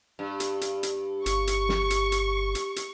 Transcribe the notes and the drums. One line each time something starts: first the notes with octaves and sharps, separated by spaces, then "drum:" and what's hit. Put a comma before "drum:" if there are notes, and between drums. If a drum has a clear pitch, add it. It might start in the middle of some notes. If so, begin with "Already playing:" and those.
G2
drum: hi-hat
drum: hi-hat
drum: hi-hat
G1 C#6, drum: hi-hat
drum: hi-hat
drum: snare
drum: hi-hat
drum: hi-hat
drum: hi-hat
drum: hi-hat